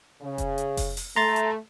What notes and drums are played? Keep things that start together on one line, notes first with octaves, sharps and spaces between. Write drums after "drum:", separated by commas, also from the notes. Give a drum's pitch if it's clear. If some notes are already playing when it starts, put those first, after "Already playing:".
C#3
drum: kick F1, hi-hat
drum: hi-hat
drum: kick F1, open hi-hat
drum: open hi-hat
A3 A#5 C6 A6
drum: hi-hat